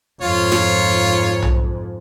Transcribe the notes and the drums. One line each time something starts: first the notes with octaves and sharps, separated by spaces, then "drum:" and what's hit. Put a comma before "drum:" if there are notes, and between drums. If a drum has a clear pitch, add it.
F2 G#2 F4 C#5
drum: snare
drum: tom B1